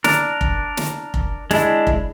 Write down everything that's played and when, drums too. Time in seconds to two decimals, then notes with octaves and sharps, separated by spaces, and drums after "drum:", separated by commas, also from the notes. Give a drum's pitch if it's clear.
0.04 D4 A#4, drum: snare
0.41 drum: kick F1
0.77 drum: snare
1.14 drum: kick F1
1.51 G#3 D4 E4, drum: snare
1.87 drum: kick F1